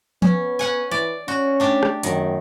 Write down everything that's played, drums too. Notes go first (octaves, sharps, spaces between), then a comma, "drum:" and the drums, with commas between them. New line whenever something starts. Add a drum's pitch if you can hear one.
B3 C#4, drum: tom F3
C#4 F#5 G#5
E3 D5
C#4 F#4
A3 D4 G4
drum: rim click
F#2 D#3, drum: hi-hat